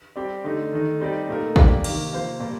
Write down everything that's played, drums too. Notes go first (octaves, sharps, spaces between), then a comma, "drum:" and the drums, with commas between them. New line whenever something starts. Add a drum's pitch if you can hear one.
G3 C4 G4 D5
D3 A3 D#4
D#3 A3 D#4
G3 C4 D#4 G4 D5
A#2 A3 D#4 A#4
A#3 D4 G4, drum: kick
C3 D#3 A#3, drum: cymbal
C3 F3 A#3 F4 C5
A#2 G3 A#3